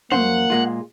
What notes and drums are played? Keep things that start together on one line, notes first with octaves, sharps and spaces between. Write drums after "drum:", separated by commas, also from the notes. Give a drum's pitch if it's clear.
F#2 B2 A#3 C5 F#5, drum: tom
A#2 G#3 F4